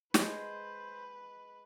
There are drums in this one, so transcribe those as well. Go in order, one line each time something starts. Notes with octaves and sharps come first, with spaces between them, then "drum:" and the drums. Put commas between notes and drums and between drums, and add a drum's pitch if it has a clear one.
G#3 B4 C5, drum: snare